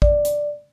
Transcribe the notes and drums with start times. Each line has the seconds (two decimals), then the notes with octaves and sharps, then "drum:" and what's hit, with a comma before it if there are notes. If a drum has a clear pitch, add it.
0.02 D5, drum: kick A1
0.25 drum: hi-hat